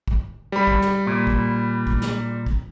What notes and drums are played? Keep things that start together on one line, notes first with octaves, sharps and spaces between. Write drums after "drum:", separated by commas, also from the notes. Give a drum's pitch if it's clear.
drum: kick
G3 B5
drum: kick
drum: snare
A#2
drum: kick
drum: kick
drum: snare
drum: kick